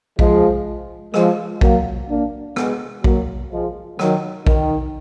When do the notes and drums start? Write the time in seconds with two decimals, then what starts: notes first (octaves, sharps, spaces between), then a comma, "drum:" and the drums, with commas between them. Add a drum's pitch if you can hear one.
0.19 F3 G#3, drum: kick A#1
1.14 F3 G#3, drum: rim click
1.61 F#3 A#3, drum: kick A#1
2.09 A#3 D4
2.56 G#3 B3, drum: rim click
3.04 F#3 A#3, drum: kick A#1
3.52 F3 G#3
3.99 D#3 F#3, drum: rim click
4.46 D#3, drum: kick A#1